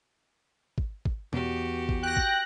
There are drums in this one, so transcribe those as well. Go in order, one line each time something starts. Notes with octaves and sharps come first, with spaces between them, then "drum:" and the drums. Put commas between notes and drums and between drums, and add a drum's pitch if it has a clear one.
drum: kick
drum: kick
E2 B3 F#4 G4, drum: tom B2
drum: kick
G5 F#6 A#6
drum: kick